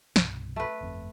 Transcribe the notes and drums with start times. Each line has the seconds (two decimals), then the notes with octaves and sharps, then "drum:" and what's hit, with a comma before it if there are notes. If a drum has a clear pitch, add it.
0.16 C2 G2 B2, drum: snare
0.56 A3 B4
0.81 G1 F2 C4